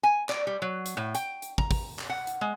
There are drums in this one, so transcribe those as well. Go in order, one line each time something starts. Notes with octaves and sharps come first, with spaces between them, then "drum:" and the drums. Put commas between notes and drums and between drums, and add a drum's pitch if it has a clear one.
G#5
D5, drum: clap
G3
F#3
drum: hi-hat
A2
G5, drum: hi-hat
drum: hi-hat
A#5, drum: kick
drum: kick, open hi-hat
drum: clap
F#5
drum: hi-hat
G#3